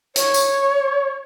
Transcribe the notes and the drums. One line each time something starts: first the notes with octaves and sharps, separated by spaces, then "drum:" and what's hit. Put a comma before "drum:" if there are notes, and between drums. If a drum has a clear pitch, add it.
C#5, drum: hi-hat
drum: tambourine